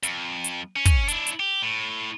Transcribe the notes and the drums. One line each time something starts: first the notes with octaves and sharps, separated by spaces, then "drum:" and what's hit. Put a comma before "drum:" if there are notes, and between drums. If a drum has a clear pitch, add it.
F2, drum: hi-hat
drum: hi-hat
C#4
drum: kick, hi-hat
D4 E4, drum: hi-hat
drum: hi-hat
G4
A2